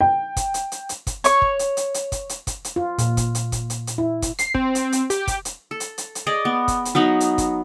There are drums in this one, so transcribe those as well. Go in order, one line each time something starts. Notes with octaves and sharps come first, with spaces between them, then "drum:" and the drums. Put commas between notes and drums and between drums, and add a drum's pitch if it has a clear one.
G5
drum: kick, hi-hat
drum: hi-hat
drum: hi-hat
drum: hi-hat
drum: kick, hi-hat
C#5 C#6, drum: hi-hat
drum: kick
drum: hi-hat
drum: hi-hat
drum: hi-hat
drum: kick, hi-hat
drum: hi-hat
drum: kick, hi-hat
drum: hi-hat
F4
A#2, drum: hi-hat
drum: kick, hi-hat
drum: hi-hat
drum: kick, hi-hat
drum: hi-hat
drum: hi-hat
E4
drum: kick, hi-hat
C7, drum: hi-hat
C4, drum: kick
drum: hi-hat
drum: hi-hat
G4, drum: hi-hat
drum: kick, hi-hat
drum: hi-hat
A4
drum: hi-hat
drum: hi-hat
drum: hi-hat
G#4 D5 D#5
B3
drum: kick, hi-hat
drum: hi-hat
F#3 B3 D#4 B5
drum: hi-hat
drum: kick, hi-hat